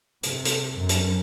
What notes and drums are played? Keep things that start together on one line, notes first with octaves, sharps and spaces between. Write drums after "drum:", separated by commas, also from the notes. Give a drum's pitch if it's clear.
C3, drum: hi-hat
drum: hi-hat
F#2
drum: hi-hat